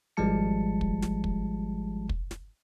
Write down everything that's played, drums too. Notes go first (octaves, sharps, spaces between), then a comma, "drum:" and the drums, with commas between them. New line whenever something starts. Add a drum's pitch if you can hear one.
G#1 F3 G3 G#3 A5 C#7
drum: kick
drum: snare
drum: kick
drum: kick
drum: snare